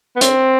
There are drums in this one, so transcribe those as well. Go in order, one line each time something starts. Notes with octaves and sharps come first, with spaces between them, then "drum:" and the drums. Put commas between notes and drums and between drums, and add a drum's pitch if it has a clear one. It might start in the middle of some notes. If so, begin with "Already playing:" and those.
B3
C4, drum: hi-hat